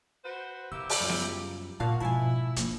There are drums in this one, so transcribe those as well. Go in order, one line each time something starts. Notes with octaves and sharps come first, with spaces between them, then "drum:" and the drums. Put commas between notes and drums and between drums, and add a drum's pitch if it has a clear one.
F#4 B4 C5
C#3 A#3 E4 G4 E6
drum: open hi-hat
F#2 G3 F4
drum: snare B3
G2 A#2 F#4 F5 A5
G#2 B2 F3 D4 E4 G#5 A5
F3 A#3 D4, drum: hi-hat